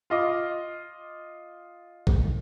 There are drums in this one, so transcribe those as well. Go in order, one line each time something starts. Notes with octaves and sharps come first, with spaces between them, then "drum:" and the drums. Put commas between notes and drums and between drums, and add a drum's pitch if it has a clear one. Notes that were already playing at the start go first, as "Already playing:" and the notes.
F4 D#5 D6
drum: kick A#1